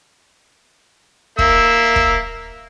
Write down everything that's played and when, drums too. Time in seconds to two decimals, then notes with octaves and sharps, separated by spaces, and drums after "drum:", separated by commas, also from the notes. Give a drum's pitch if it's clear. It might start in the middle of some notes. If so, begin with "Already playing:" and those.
1.39 A#3 E5 E6, drum: kick
1.96 drum: kick